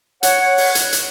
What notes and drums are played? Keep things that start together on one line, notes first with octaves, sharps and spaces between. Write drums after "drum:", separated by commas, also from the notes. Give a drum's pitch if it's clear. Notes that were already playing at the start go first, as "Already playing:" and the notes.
C#5 F#5, drum: hi-hat
drum: open hi-hat
drum: hi-hat
drum: hi-hat